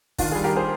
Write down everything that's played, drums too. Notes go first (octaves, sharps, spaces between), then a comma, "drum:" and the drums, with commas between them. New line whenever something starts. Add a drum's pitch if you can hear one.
D#3 D4 F4, drum: kick, open hi-hat
G3 F4 G#4
G4 A#4
G#4 C5